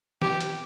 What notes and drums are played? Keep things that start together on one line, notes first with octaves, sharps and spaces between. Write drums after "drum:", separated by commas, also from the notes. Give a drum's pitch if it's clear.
G4, drum: snare
drum: hi-hat